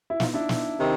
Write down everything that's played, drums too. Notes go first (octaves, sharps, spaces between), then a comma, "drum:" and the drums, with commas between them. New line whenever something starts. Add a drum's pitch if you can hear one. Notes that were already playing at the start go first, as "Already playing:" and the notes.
E4
D#4 F4, drum: snare
D4 E4
drum: snare
C3 D#3